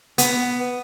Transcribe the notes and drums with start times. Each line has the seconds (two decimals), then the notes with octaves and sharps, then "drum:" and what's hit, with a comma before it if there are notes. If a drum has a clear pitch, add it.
0.18 B3, drum: hi-hat